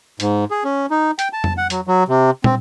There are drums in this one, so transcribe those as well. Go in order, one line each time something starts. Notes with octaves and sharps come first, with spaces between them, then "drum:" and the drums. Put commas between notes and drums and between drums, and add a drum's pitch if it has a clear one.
G#2, drum: hi-hat
G#4
C#4
D#4
G5, drum: hi-hat
A5
drum: tom F2
F#5
F#3, drum: hi-hat
F#3
C3
C4, drum: tom